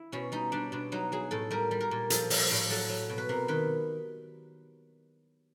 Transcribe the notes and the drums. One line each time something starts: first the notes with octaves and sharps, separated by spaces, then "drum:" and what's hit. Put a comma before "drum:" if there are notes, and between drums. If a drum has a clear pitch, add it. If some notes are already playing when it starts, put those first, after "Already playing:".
Already playing: E4
B2 C#4
G3 D#4
G3 D4
B2 D4
F#3 D#4
F#3 G#4
A2 A4
G3 A#4
G3
A#4
A#2
F3 A4, drum: hi-hat
F3, drum: open hi-hat
G4
A2
F#3 A4
F#3
B2
B4
C3 A#4
D#3 B4